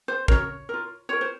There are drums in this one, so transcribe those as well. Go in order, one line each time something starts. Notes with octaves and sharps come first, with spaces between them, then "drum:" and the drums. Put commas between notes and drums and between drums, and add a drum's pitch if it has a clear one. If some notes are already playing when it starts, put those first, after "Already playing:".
C5
C#4 F#4 A#4 C#5, drum: kick
F4 A#4
F4 A#4 C#5
C5